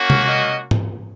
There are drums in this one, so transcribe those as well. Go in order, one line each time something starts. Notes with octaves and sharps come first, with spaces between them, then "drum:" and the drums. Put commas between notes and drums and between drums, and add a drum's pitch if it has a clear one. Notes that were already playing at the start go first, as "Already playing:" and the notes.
Already playing: A#3 C#4 F#4
drum: tom C3
D#5
drum: tom G#2